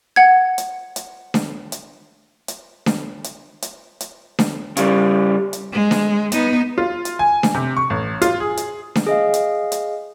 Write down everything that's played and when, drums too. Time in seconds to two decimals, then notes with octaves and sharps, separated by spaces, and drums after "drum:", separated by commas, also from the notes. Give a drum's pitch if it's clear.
0.16 F#5 G#6
0.58 drum: hi-hat
0.96 drum: hi-hat
1.34 drum: snare D4
1.72 drum: hi-hat
2.48 drum: hi-hat
2.86 drum: snare D4
3.24 drum: hi-hat
3.62 drum: hi-hat
4.00 drum: hi-hat
4.39 drum: snare D4
4.77 C#3 G3, drum: hi-hat
5.53 drum: hi-hat
5.72 G#3
5.91 drum: snare D4
6.32 B3 D#4, drum: hi-hat
6.78 F4
7.05 drum: hi-hat
7.19 G#5
7.43 drum: snare D4
7.54 C3
7.77 C#6
7.90 A1
8.22 F4, drum: hi-hat
8.40 G#4
8.57 drum: hi-hat
8.95 drum: snare D4
9.07 G#4 D#5 F5
9.34 drum: hi-hat
9.72 drum: hi-hat